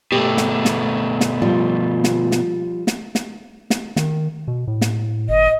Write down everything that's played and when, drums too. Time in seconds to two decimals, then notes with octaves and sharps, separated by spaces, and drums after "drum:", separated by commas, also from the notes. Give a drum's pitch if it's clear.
0.12 B2 A3 G4
0.37 drum: snare
0.65 drum: snare
1.21 drum: snare
1.42 F3 G3 F4
2.04 drum: snare
2.32 drum: snare
2.87 drum: snare
3.15 drum: snare
3.70 drum: snare
3.96 D#3, drum: snare
4.48 B2
4.68 A2
4.81 drum: snare
5.29 G1 D#5